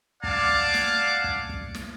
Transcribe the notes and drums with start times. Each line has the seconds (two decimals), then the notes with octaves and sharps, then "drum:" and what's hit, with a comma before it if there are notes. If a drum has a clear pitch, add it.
0.24 D5 F5 F#5 G#5 A5 D6, drum: kick
0.49 drum: kick
0.74 drum: snare
1.24 drum: kick
1.49 drum: kick
1.74 drum: snare